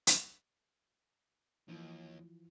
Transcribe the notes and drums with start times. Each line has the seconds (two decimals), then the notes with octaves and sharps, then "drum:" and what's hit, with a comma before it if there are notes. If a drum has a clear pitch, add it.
0.07 drum: hi-hat
1.68 D#2 E3 F3